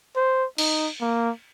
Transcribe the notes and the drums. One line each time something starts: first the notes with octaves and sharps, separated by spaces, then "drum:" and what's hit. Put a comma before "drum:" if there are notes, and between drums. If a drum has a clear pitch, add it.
C5
D#4, drum: cymbal
A#3